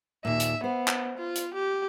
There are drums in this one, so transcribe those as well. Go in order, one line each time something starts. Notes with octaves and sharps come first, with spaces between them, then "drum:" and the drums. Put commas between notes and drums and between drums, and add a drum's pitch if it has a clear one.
D#2 A#2 E5
drum: hi-hat
B3 C5
drum: clap
F4
drum: hi-hat
G4